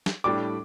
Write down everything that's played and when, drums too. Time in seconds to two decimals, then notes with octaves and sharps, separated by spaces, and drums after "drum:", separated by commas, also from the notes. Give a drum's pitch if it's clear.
0.06 drum: snare
0.24 A2 G3 D4 G4 D6